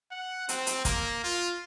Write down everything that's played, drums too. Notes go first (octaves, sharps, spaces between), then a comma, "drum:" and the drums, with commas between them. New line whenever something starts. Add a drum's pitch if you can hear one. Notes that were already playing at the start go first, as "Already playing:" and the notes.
F#5
C4, drum: hi-hat
drum: hi-hat
A#3, drum: kick, hi-hat
F4